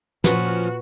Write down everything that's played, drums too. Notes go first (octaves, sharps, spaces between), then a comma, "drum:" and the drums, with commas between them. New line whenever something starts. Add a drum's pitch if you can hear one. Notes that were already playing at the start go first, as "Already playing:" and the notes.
A#2 F3 C#4 F4 F#4 B4, drum: snare
drum: hi-hat